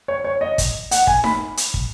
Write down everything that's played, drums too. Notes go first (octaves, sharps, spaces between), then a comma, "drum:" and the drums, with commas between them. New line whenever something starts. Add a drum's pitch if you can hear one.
C#5
C#5
D#5
drum: kick, hi-hat
F#5, drum: hi-hat
G#5, drum: kick
B5, drum: snare D#4
drum: hi-hat
drum: kick